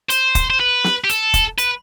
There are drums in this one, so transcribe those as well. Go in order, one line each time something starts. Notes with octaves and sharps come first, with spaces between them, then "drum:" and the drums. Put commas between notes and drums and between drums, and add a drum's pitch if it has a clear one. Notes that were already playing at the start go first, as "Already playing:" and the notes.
C5, drum: hi-hat
drum: kick, hi-hat
C5
B4
drum: snare
G4
A4, drum: hi-hat
drum: kick, hi-hat
B4, drum: hi-hat